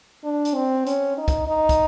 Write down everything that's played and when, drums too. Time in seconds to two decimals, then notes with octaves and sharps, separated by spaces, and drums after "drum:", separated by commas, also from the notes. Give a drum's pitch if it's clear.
0.24 D4
0.45 drum: hi-hat
0.55 C4
0.86 C#4, drum: hi-hat
1.18 D#4
1.28 drum: kick, hi-hat
1.48 D#4
1.69 drum: kick, hi-hat